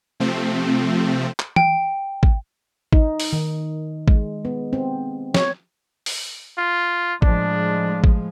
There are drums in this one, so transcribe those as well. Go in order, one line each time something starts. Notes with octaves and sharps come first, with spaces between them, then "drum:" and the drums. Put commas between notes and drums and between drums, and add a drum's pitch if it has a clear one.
C3 F3 A3 C4
drum: clap
G5, drum: tom E3
drum: kick
D#4, drum: kick
drum: open hi-hat
D#3
G#3, drum: kick
B3
C4
C#5, drum: snare
drum: open hi-hat
F4
A2 F3 G#3 D4, drum: kick
drum: kick